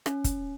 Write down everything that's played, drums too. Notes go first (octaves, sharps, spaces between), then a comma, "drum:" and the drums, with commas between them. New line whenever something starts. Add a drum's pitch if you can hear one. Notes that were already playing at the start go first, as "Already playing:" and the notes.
C#4, drum: rim click
drum: kick, hi-hat